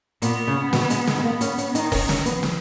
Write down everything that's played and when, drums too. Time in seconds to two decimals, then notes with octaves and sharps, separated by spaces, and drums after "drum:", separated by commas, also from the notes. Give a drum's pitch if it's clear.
0.22 A#2 B3, drum: hi-hat
0.47 C#3
0.73 B2, drum: snare
0.90 G#3, drum: hi-hat
1.07 G#3, drum: snare
1.18 G#3
1.24 A#3 B3
1.41 C#4, drum: hi-hat
1.58 C#4, drum: hi-hat
1.75 D#3 D#4, drum: hi-hat
1.92 C#4, drum: kick E1, open hi-hat
2.09 C#4, drum: snare
2.26 F3 B3, drum: hi-hat
2.43 drum: snare